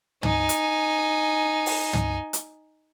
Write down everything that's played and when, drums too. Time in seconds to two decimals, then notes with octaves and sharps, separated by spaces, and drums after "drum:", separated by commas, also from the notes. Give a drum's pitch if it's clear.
0.23 D#4 G#5, drum: tom
0.49 drum: hi-hat
1.66 drum: open hi-hat
1.93 drum: tom
2.33 drum: hi-hat